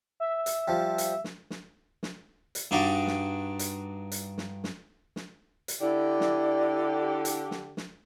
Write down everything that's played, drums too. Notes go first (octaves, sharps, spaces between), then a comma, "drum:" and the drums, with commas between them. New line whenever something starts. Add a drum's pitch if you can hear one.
E5
drum: hi-hat
F3 G3
drum: hi-hat
drum: snare
drum: snare
drum: snare
drum: hi-hat
G2 D4 D#4 F#4 D6
drum: snare
drum: hi-hat
drum: hi-hat
drum: snare
drum: snare
drum: snare
drum: hi-hat
D3 E4 G4 D5
drum: snare
drum: hi-hat
drum: snare
drum: snare